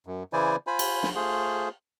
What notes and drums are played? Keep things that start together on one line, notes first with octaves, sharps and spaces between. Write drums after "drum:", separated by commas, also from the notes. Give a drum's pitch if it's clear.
F#2
C#3 E3 E4 C5 D5 G#5
F4 C5 G#5 B5
drum: cymbal
drum: snare
A3 F4 G#4 C5